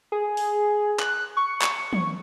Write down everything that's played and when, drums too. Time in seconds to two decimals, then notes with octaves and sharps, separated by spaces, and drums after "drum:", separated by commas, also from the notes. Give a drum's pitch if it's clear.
0.12 G#4
0.37 drum: open hi-hat
0.99 F#6, drum: clap
1.37 C#6
1.62 drum: clap
1.93 drum: tom